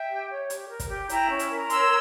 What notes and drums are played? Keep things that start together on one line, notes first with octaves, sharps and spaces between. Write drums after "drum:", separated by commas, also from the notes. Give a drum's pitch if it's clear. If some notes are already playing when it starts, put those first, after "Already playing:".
Already playing: E5 G5
G4
C#5
G4, drum: hi-hat
A#4
drum: kick, hi-hat
G4
E4 G5 A#5, drum: hi-hat
C#4
drum: hi-hat
A#4
C#5 C6 E6, drum: hi-hat